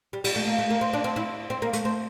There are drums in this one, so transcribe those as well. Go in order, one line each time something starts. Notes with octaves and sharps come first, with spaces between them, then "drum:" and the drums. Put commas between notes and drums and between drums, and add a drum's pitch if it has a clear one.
G3
G3, drum: cymbal
A3
A#3
A3
A#3
C4
D4
C4
E4
C4
A#3
A3, drum: hi-hat
C4